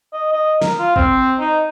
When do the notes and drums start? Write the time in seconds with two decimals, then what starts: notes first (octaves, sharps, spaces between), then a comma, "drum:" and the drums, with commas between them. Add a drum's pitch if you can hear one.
0.13 D#5
0.32 D#5
0.62 A#4, drum: snare
0.79 F4
0.96 C4, drum: kick
1.40 D#4